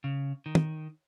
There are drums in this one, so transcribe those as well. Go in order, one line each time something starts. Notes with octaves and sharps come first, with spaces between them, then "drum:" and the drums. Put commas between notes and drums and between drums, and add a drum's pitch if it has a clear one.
C#3
D#3
drum: tom